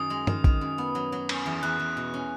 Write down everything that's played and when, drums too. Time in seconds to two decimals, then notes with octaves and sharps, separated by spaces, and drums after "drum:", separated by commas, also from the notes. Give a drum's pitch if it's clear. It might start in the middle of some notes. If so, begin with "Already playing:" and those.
Already playing: F#2 D#3 D#6
0.10 G#3
0.27 D#3, drum: tom G2
0.44 D#3, drum: kick
0.61 F#2
0.78 B3
0.95 F#3
1.12 F#3
1.29 C#4, drum: cymbal
1.46 E2
1.63 E2 F#6
1.79 E2
1.97 B2
2.14 C#4